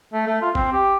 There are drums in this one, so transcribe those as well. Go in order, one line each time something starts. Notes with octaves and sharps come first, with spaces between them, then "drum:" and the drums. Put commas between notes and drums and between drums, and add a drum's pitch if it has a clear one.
A3
A3
F4
C4, drum: kick G1
G4